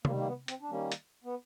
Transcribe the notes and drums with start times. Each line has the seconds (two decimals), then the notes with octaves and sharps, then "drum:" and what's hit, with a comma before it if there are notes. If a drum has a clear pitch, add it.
0.05 D#3 G3 A#3, drum: tom C3
0.18 A#3
0.27 B3
0.48 C4, drum: hi-hat
0.61 D4
0.70 D#3 G3 A#3 C#4
0.92 drum: hi-hat
1.24 B3